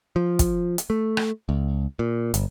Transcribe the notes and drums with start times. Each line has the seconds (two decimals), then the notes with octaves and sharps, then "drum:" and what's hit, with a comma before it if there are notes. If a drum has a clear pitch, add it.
0.16 F3
0.39 drum: kick, hi-hat
0.78 drum: hi-hat
0.90 A3
1.17 drum: rim click
1.49 C#2
1.99 A#2
2.34 G1, drum: hi-hat